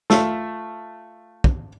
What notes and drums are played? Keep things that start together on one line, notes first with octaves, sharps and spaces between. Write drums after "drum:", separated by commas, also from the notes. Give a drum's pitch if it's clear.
A3 F4 E5, drum: snare
drum: kick